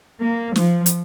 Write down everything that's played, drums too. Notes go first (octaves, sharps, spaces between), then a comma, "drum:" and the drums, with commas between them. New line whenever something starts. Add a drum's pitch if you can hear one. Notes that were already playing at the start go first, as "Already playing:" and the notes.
A#3
F3, drum: snare
drum: hi-hat